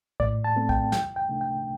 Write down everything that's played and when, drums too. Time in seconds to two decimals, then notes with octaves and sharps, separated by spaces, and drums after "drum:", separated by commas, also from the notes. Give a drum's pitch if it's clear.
0.20 A2 D5, drum: kick A#1
0.44 A5
0.56 A3 C4
0.69 G5, drum: kick A#1
0.92 C2 G5, drum: snare
1.16 G5
1.29 C3 A3 D4
1.41 G5